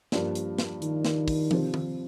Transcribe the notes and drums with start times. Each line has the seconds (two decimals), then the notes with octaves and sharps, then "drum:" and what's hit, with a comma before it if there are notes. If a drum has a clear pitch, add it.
0.12 G2 F3 A#3 D4, drum: snare
0.35 drum: hi-hat
0.58 drum: snare
0.82 D#3, drum: hi-hat
1.05 drum: snare
1.28 drum: kick, open hi-hat
1.51 C3 F3 C4 G4, drum: tom
1.74 drum: tom D#3